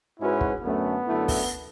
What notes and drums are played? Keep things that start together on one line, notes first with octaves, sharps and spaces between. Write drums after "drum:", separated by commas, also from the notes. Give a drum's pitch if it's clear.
G#2 G#3 C#4 E4 F#4 B4
drum: kick
F#2 D3 A3 B3 C#4
F#2 D3 A3 E4
drum: kick, open hi-hat